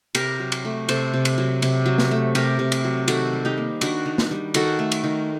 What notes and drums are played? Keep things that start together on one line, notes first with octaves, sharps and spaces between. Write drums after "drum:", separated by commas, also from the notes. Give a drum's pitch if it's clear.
C3 G4 A#4, drum: cymbal
F#3
drum: cymbal
A3
C3 A4 C5, drum: cymbal
C3
drum: cymbal
F#3
C3, drum: cymbal
F#3
drum: snare
A3
C3 G4 A#4, drum: cymbal
C3
drum: cymbal
F#3
D#3 F#4 A4, drum: cymbal
G3
D#4 G4
A#3
D#3 D4 F#4, drum: cymbal
D#3
drum: snare
G3
D#3 F#4 A4, drum: cymbal
A3
drum: cymbal
D#3